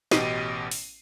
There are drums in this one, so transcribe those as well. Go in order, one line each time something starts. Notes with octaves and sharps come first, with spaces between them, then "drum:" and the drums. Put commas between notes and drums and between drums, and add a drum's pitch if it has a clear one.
A1 B2 G4 D#5 C7 D#7, drum: snare
drum: open hi-hat